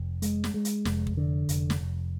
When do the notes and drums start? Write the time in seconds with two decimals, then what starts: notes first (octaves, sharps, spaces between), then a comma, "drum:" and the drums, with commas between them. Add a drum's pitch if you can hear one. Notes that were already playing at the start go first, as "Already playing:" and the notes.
Already playing: F1
0.22 G#3, drum: hi-hat
0.44 drum: snare
0.54 G#3
0.65 drum: hi-hat
0.85 F1, drum: snare
1.07 drum: kick
1.17 D3
1.49 F1, drum: hi-hat
1.70 drum: snare
1.81 F1